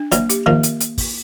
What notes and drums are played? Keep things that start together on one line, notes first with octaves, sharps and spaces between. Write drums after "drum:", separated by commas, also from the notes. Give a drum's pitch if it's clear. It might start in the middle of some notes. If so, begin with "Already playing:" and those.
Already playing: D4
E3 F#3 A#3, drum: hi-hat
G4, drum: hi-hat
D#3 F3 A#3
drum: hi-hat
drum: hi-hat
drum: kick, open hi-hat